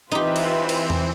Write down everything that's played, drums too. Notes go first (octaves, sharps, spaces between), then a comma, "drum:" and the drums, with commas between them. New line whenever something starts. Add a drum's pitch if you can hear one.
E3 C4 D#4 F4 G4 B4 E5
drum: cymbal
drum: cymbal
drum: tom E2